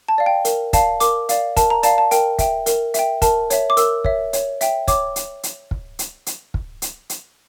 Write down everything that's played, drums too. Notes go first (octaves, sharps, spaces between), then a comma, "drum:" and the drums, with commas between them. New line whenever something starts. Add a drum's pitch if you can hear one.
A5
D5 F5
G5
A#4, drum: hi-hat
D5 F5 A5, drum: kick, hi-hat
A#4 D6, drum: hi-hat
D5 F5, drum: hi-hat
A#4 A5, drum: kick, hi-hat
A#5
D5 F5 A5, drum: hi-hat
A5
A#4 G5, drum: hi-hat
E5 G5, drum: kick, hi-hat
A#4, drum: hi-hat
E5 G5, drum: hi-hat
A#4 A5, drum: kick, hi-hat
C#5 E5, drum: hi-hat
D6
A#4 E6, drum: hi-hat
C#5 E5, drum: kick
C#5, drum: hi-hat
E5 G5, drum: hi-hat
C#5 D6, drum: kick, hi-hat
drum: hi-hat
drum: hi-hat
drum: kick
drum: hi-hat
drum: hi-hat
drum: kick
drum: hi-hat
drum: hi-hat